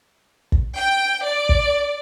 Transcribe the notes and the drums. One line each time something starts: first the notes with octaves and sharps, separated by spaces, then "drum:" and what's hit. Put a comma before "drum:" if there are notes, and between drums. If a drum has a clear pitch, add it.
drum: kick
G5
D5
drum: kick